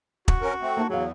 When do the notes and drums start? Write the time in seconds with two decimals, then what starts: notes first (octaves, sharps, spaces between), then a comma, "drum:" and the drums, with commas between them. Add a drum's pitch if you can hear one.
0.28 F#4, drum: kick
0.41 C#4 A#4
0.61 A3 C4
0.77 A#3 D#4 A5
0.90 E2 F#3 G#4 F5